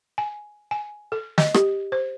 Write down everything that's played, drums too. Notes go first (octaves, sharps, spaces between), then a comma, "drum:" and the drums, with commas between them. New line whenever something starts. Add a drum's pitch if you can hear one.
G#5
G#5
A4
D#5, drum: snare
G4, drum: rim click
C5